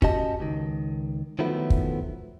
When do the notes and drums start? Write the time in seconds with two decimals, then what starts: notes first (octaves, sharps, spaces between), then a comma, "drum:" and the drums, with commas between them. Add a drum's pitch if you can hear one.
0.02 C#4 F#4 G4 D#5 A5, drum: kick
0.40 C#2 D#3
1.39 D#3 F3 F#3 A3 B3 E4
1.70 drum: kick